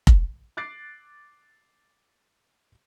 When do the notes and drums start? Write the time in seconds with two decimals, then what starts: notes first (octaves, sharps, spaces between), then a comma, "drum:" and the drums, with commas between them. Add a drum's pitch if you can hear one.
0.07 drum: kick F1
0.57 D6 F#6 A6 C7 D7